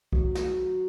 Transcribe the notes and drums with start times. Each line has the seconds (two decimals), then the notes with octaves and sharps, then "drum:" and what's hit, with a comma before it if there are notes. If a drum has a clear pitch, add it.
0.13 F#3, drum: kick
0.35 drum: snare